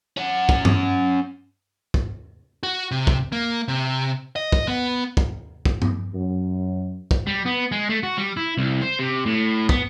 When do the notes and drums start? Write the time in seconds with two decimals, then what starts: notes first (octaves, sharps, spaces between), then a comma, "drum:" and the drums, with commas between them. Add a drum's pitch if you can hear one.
0.17 C#4 F#5
0.49 drum: kick
0.65 drum: tom G2
1.94 drum: kick
2.63 F#4
2.91 C3
3.07 drum: kick
3.32 A#3
3.68 C3
4.36 D#5
4.52 drum: kick
4.68 B3
5.17 drum: kick
5.65 drum: kick
5.82 drum: tom G2
6.14 F#2
7.11 drum: kick
7.27 G3
7.46 B3
7.72 G#3
7.90 A3
8.03 F#4
8.18 G3
8.37 E4
8.57 C2
8.82 C5
8.99 C3
9.26 A2
9.69 B3, drum: kick